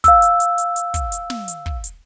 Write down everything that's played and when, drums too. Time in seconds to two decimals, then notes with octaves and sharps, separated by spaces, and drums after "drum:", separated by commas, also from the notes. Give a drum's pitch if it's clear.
0.04 F5 E6, drum: kick, hi-hat
0.22 drum: hi-hat
0.40 drum: hi-hat
0.58 drum: hi-hat
0.76 drum: hi-hat
0.94 drum: kick, hi-hat
1.12 drum: hi-hat
1.30 drum: snare
1.48 drum: hi-hat
1.66 drum: kick
1.84 drum: hi-hat